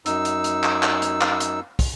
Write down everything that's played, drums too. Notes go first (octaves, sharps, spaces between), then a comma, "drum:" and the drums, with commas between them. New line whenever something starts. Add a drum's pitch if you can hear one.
F#2 D#4 E6, drum: hi-hat
drum: hi-hat
drum: hi-hat
drum: clap
drum: clap
drum: hi-hat
drum: clap
drum: hi-hat
drum: kick, open hi-hat